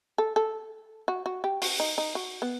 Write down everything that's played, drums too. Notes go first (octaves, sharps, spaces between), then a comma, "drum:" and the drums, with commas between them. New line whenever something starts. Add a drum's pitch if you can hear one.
A4
A4
F#4
F#4
G4
F#4, drum: open hi-hat
D#4
D#4
F#4
B3